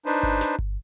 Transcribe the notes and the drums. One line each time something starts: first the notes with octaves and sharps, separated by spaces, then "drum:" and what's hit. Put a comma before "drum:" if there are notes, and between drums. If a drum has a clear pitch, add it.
D4 D#4 B4 C5
drum: kick G1
drum: snare
drum: kick G1